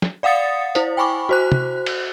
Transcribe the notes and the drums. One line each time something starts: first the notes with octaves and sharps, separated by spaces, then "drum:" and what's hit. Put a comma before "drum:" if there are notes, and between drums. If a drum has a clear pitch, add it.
drum: snare
D5 F5 F#5 D#6 A6 C#7
E4 C5, drum: hi-hat
G5 G#5 B5 C#6 D6
F#4 C5 F#6
drum: tom
drum: cymbal